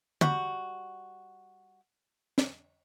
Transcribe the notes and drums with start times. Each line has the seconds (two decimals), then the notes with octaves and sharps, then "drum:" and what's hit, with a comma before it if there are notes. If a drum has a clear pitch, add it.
0.21 G3 F#4, drum: tom
2.38 drum: snare